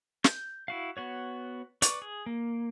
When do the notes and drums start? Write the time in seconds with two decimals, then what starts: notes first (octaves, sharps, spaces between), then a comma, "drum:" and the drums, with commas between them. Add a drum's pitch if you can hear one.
0.24 G6, drum: snare
0.68 E4 F#4 F5
0.97 B3 F#4 C#5
1.82 B4 D5 C#6 D6, drum: hi-hat
2.02 G#4
2.26 A#3